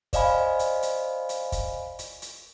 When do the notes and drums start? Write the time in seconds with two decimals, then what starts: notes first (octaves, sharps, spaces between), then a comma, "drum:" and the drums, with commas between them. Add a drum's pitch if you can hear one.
0.13 C5 D5 D#5 F5 G#5 B5, drum: kick, hi-hat
0.59 drum: hi-hat
0.83 drum: hi-hat
1.29 drum: hi-hat
1.52 drum: kick, hi-hat
1.99 drum: hi-hat
2.22 drum: hi-hat